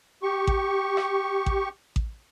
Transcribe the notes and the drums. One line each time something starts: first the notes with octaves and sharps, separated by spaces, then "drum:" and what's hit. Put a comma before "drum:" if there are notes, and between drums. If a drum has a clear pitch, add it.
G4 C#6
drum: kick A1
drum: rim click
drum: kick A1
drum: kick A1